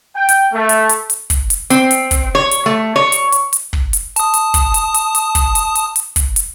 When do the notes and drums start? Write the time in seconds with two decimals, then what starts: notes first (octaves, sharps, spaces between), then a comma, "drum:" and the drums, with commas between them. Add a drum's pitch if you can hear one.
0.15 G5
0.29 drum: hi-hat
0.53 A3
0.69 drum: hi-hat
0.89 drum: hi-hat
1.10 drum: hi-hat
1.30 drum: kick, hi-hat
1.50 drum: hi-hat
1.70 C4, drum: hi-hat
1.91 drum: hi-hat
2.11 drum: kick, hi-hat
2.35 C#5
2.51 drum: hi-hat
2.66 A3
2.96 C#5
3.12 drum: hi-hat
3.32 drum: hi-hat
3.53 drum: hi-hat
3.73 drum: kick
3.93 drum: hi-hat
4.16 A5 D#6, drum: hi-hat
4.34 drum: hi-hat
4.54 drum: kick, hi-hat
4.74 drum: hi-hat
4.94 drum: hi-hat
5.15 drum: hi-hat
5.35 drum: kick, hi-hat
5.55 drum: hi-hat
5.75 drum: hi-hat
5.96 drum: hi-hat
6.16 drum: kick, hi-hat
6.36 drum: hi-hat